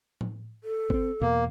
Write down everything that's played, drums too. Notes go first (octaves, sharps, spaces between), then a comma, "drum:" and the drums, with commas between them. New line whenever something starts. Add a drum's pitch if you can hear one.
drum: tom A2
A4
B3 C4, drum: kick
E2 B2 A#3